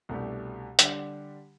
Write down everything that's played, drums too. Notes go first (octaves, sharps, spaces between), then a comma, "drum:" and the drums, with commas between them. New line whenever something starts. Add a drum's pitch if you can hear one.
C2 B2 A3 D4 G4
D3 G3 D4 G4, drum: hi-hat